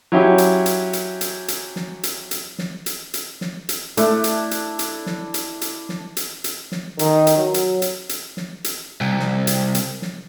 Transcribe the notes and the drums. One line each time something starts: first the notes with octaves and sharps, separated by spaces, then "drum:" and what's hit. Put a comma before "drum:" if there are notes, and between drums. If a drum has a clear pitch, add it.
F#3 C#4 E4 G4
drum: hi-hat
drum: hi-hat
drum: hi-hat
drum: hi-hat
drum: hi-hat
drum: snare
drum: hi-hat
drum: hi-hat
drum: snare
drum: hi-hat
drum: hi-hat
drum: snare
drum: hi-hat
A3 D4 E4, drum: hi-hat
drum: hi-hat
drum: hi-hat
drum: hi-hat
drum: snare
drum: hi-hat
drum: hi-hat
drum: snare
drum: hi-hat
drum: hi-hat
drum: snare
D#3, drum: hi-hat
drum: hi-hat
F#3
drum: hi-hat
drum: hi-hat
drum: hi-hat
drum: snare
drum: hi-hat
C2
drum: snare
drum: hi-hat
drum: hi-hat
drum: snare